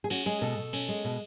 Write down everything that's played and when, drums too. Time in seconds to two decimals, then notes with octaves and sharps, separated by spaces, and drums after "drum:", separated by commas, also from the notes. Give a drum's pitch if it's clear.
0.04 G#4
0.10 C#4 F#4, drum: cymbal
0.26 G#3 G#4
0.41 B2 A4
0.58 B2
0.73 C#4, drum: cymbal
0.89 G#3
1.04 B2